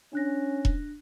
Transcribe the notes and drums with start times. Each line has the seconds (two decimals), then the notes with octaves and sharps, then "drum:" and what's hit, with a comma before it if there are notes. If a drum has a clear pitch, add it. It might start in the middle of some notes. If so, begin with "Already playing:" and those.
0.13 C#4 D4 F#6 A#6
0.65 drum: kick E1